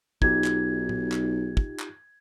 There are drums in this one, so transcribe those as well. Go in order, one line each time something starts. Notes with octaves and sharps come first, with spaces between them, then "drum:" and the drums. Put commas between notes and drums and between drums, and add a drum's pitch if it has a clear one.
B1 D#4 F4 G4 G#6, drum: kick
drum: clap
drum: tom
drum: clap
drum: kick
drum: clap